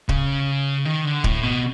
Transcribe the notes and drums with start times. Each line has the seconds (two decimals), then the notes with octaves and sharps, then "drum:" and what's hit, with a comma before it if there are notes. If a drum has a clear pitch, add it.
0.09 C#3, drum: kick D1
0.85 D#3
1.05 D3
1.24 A2, drum: kick D1
1.43 B2